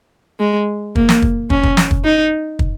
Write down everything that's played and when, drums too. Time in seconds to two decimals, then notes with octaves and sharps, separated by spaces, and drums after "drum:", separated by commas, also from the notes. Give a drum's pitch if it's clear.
0.40 G#3
0.95 A#3, drum: kick
1.09 drum: snare
1.22 drum: kick
1.50 C#4, drum: kick
1.63 drum: kick
1.77 drum: snare
1.91 drum: kick
2.04 D#4
2.59 drum: kick